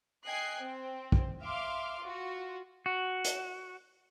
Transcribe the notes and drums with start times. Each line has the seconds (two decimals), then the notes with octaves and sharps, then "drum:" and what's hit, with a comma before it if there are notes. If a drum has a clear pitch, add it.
0.25 D#5 G5 G#5 F#6 C7
0.61 C4
1.12 drum: kick
1.41 E5 F5 C6 D6 F6
2.01 F4 F#4
2.86 F#4
3.25 drum: hi-hat